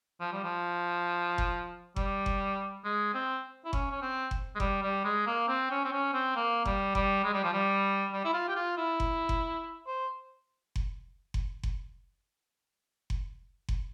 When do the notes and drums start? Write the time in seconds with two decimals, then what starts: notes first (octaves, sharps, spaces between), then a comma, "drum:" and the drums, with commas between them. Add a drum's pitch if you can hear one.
0.21 F3
0.32 G3
0.44 F3
1.38 drum: kick F#1
1.96 G3, drum: kick F#1
2.26 drum: kick F#1
2.84 G#3
3.14 C4
3.65 E4
3.73 C#4, drum: kick F#1
3.91 C#4
4.02 C4
4.31 drum: kick F#1
4.55 G#3
4.60 G3, drum: kick F#1
4.82 G3
5.04 G#3
5.27 A#3
5.48 C4
5.71 C#4
5.84 C4
5.92 C#4
6.14 C4
6.36 A#3
6.65 G3, drum: kick F#1
6.95 G3, drum: kick F#1
7.24 G#3
7.34 G3
7.44 F3
7.53 G3
8.12 G3
8.25 E4
8.33 F4
8.48 G4
8.56 F4
8.77 E4
9.00 drum: kick F#1
9.29 drum: kick F#1
9.87 C5
10.76 drum: kick F#1
11.34 drum: kick F#1
11.63 drum: kick F#1
13.10 drum: kick F#1
13.68 drum: kick F#1